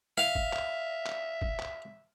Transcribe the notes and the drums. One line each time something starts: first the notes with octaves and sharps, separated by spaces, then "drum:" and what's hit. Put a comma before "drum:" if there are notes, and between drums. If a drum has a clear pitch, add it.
E5 F5
drum: kick
drum: clap
drum: clap
drum: kick
drum: clap